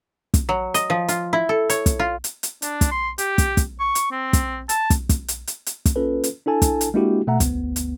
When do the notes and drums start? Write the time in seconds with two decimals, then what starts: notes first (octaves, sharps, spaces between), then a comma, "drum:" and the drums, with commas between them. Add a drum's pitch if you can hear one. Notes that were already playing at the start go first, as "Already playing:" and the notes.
0.34 drum: kick, hi-hat
0.49 F#3
0.74 D#5, drum: hi-hat
0.90 F3
1.08 F4, drum: hi-hat
1.33 E4
1.49 A4
1.70 C#5, drum: hi-hat
1.86 drum: kick, hi-hat
1.99 F4
2.24 drum: hi-hat
2.43 drum: hi-hat
2.62 D4, drum: hi-hat
2.81 drum: kick, hi-hat
2.91 C6
3.18 G4, drum: hi-hat
3.38 drum: kick, hi-hat
3.57 drum: kick, hi-hat
3.79 C#6
3.95 drum: hi-hat
4.11 C4
4.33 drum: kick, hi-hat
4.69 A5, drum: hi-hat
4.90 drum: kick, hi-hat
5.09 drum: kick, hi-hat
5.28 drum: hi-hat
5.47 drum: hi-hat
5.66 drum: hi-hat
5.86 drum: kick, hi-hat
5.96 A#3 C#4 F4 A4 B4
6.24 drum: hi-hat
6.46 D4 E4 A4 G#5 A5
6.62 drum: kick, hi-hat
6.81 drum: hi-hat
6.94 G#3 A#3 D4 E4 F#4 G4
7.27 B2 A3 E5 F#5 A#5
7.40 G1 D2 B3, drum: kick, hi-hat
7.76 drum: hi-hat